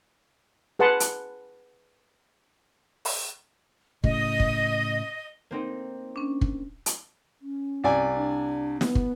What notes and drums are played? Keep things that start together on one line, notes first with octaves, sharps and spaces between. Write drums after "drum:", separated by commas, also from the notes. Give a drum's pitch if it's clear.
G#4 B4 F#5 A5 C6
drum: hi-hat
drum: open hi-hat
A2 C#3 D#5, drum: kick
drum: kick
A#3 C4 D#4
C#4 D4
drum: kick
drum: hi-hat
C#4
C2 D5 G#5
D4
B3, drum: snare
drum: kick